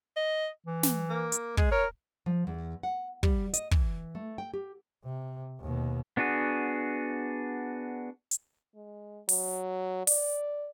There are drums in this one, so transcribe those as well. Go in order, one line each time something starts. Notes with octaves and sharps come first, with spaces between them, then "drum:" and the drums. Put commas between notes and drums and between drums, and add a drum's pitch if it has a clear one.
D#5
E3
drum: snare
A#3
drum: hi-hat
G#3 G#4, drum: kick
A#4 C#5
F3
E2
F#5
G3, drum: kick
D#5, drum: hi-hat
E3, drum: kick
A3
G5
G4
C3
D#2 B2
B3 D4 F#4 G#4
drum: hi-hat
G#3
F#3, drum: open hi-hat
D5, drum: open hi-hat